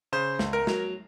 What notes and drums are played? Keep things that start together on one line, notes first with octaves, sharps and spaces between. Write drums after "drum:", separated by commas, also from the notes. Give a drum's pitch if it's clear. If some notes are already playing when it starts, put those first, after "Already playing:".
C#3 C5
C#2, drum: snare
A#4
F#3, drum: snare